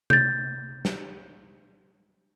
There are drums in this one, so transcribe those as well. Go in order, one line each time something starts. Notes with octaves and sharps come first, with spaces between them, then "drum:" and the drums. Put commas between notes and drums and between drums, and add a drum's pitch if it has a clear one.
G6 A6, drum: tom C3
drum: snare